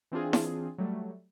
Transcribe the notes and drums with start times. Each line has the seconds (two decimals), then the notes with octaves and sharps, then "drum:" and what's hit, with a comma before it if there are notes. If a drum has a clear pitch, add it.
0.12 E3 C4 D4 F4 G#4
0.33 drum: snare E4
0.78 F#3 G3 A3